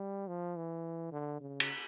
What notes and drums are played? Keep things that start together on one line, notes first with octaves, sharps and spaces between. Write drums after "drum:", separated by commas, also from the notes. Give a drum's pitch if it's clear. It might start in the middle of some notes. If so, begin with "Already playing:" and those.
Already playing: G3
F3
E3
D3
C#3
drum: cymbal